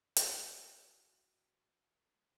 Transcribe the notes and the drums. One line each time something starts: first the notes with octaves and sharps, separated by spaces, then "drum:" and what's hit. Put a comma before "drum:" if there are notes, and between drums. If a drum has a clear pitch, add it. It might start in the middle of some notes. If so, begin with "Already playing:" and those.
F#4 D#5 E5 G5, drum: hi-hat